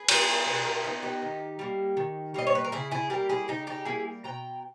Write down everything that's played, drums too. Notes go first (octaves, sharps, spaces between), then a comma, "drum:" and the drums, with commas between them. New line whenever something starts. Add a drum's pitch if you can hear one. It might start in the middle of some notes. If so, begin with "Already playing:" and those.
Already playing: G#4 B4
G3 B3, drum: cymbal
B2 G#4 B4
B4
G4 A#4
G3 B3 D#4
D#4 G4
D#3
G3 A#3
D#3
G3 A#3 D#5
C#5
B4
A#4
C#3 E4 G#4
E4 G#4
G3 A#3 G4 A#4
E4 G#4
C#3 D#4 G4
D#4 G4
G3 A#3 E4 G#4
B2 G5 A#5